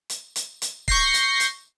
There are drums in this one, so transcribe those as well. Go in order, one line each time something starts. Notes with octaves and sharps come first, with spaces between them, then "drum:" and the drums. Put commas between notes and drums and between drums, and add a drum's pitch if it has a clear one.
drum: hi-hat
drum: hi-hat
drum: hi-hat
C#6 G6 A#6 C7, drum: kick C#1
drum: hi-hat
drum: hi-hat